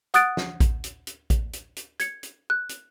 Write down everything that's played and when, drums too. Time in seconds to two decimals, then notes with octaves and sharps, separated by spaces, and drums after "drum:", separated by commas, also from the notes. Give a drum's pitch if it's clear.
0.14 F#5 D#6 F#6 A6 D7, drum: hi-hat
0.37 drum: snare
0.60 drum: kick A1, hi-hat
0.84 drum: hi-hat
1.07 drum: hi-hat
1.30 drum: kick A1, hi-hat
1.53 drum: hi-hat
1.76 drum: hi-hat
2.00 G#6 C#7, drum: hi-hat
2.23 drum: hi-hat
2.50 F#6
2.69 drum: hi-hat